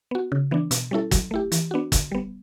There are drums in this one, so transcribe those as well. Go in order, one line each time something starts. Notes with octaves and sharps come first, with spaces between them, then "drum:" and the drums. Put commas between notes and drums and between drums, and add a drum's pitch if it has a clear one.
B3 F#4
C#3
E3 B3 D4
B2, drum: hi-hat
G3 C#4 E4 A4
F#3, drum: kick, hi-hat
A3 E4 G4
E3, drum: hi-hat
B3 D4 F#4
D3, drum: kick, hi-hat
G3 B3